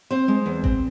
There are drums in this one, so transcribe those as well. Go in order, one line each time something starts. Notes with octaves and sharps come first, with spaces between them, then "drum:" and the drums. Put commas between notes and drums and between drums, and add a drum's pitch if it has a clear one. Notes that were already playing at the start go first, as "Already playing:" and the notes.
C4 C5
G#3
E2
C4, drum: kick A1